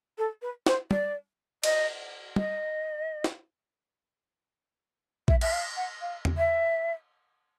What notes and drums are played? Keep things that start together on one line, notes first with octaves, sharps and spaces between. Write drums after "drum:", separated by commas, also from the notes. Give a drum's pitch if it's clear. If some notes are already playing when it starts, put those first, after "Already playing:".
A4
B4
C5, drum: snare
D5, drum: tom
D#5, drum: cymbal
D#5, drum: tom
drum: snare
E5, drum: kick A#1
E5, drum: cymbal
F5
F#5
F5
drum: tom E2
E5